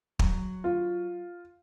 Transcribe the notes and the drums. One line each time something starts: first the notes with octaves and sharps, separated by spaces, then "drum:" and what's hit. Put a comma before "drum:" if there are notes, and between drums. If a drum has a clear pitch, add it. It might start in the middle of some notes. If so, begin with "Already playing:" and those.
F#3, drum: kick
F4